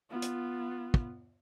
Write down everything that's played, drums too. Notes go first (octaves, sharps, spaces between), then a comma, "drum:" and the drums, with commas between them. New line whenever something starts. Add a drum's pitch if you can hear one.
B3 F4
drum: hi-hat
drum: kick